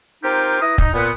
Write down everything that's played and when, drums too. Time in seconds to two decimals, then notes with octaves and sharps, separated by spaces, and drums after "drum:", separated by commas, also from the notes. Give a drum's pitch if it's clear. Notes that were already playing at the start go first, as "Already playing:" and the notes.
0.23 C4 D#4 F4 G4 A#4
0.61 E4 B4 A#5 D#6
0.78 D#4, drum: kick
0.93 A#2 B3